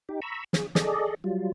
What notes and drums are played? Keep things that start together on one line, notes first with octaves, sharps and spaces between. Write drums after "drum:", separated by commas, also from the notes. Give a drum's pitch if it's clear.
D#4 G4
A#5 B5 C#6 E6
G#4, drum: snare
G#4 A4 D5 D#5, drum: snare
F#3 G3 F4